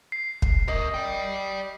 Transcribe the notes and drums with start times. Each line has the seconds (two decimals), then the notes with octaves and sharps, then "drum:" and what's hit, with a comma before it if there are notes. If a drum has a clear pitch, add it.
0.12 C7
0.42 drum: kick
0.68 A#4 D#5 E5
0.94 D5 G5